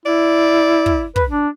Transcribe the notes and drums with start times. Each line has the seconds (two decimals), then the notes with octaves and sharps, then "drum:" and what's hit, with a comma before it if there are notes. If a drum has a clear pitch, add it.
0.06 E4 D5
0.86 drum: kick
1.16 B4, drum: kick
1.29 D4